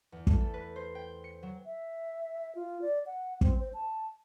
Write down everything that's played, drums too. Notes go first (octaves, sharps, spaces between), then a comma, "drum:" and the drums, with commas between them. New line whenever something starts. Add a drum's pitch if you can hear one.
E2
A3, drum: kick
A4
B4
C5
G5
C#7
F#3
E5
F4
D5
F#5
C4, drum: kick
C5
A5